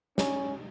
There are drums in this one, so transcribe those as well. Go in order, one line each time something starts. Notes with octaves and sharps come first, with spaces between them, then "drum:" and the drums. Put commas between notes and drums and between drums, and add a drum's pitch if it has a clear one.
C#4, drum: snare